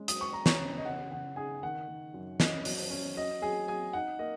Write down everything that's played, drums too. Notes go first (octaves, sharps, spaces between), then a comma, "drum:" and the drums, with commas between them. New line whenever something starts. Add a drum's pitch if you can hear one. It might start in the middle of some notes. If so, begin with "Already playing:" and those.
Already playing: G#3 C#4
F#3 D#6, drum: hi-hat
C#6
F#3 A#5
C#5 C#6, drum: snare
C#3
D#5
C#3 F#5
C#3 F#5
D#4 G#4 G#5
D#3 F#5
D#3
F#2
C#4 D#5, drum: snare
F#3, drum: open hi-hat
C#4
F#3 D#5
F#3 G#4 G#5
F#3 G#4 G#5
D#4 F#5
A#3 D#5